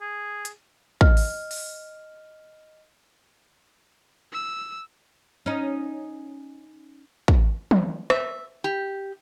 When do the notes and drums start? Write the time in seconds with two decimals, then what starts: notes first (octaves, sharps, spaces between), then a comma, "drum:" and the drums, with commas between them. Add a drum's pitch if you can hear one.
0.01 G#4
0.45 drum: hi-hat
1.01 D#5 F6, drum: kick
1.17 drum: open hi-hat
1.51 drum: open hi-hat
4.32 E6
5.46 C#4 D#4
7.28 drum: kick
7.71 drum: tom
8.10 E5, drum: rim click
8.64 G4